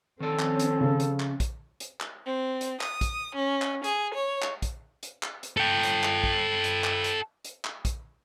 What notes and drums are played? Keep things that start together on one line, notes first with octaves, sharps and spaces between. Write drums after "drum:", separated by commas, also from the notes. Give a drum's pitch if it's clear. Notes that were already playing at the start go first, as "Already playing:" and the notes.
D#3 F3 C4 C#4 A4 D5
drum: clap
drum: hi-hat
C#3
drum: hi-hat
drum: clap
drum: kick, hi-hat
drum: hi-hat
drum: clap
C4
drum: hi-hat
D#6, drum: clap
drum: kick, hi-hat
C#4
drum: clap
G#4, drum: hi-hat
C#5
drum: clap
drum: kick, hi-hat
drum: hi-hat
drum: clap
drum: hi-hat
A4 G5
drum: hi-hat
drum: clap
drum: kick
drum: hi-hat
drum: clap
drum: hi-hat
drum: hi-hat
drum: clap
drum: kick, hi-hat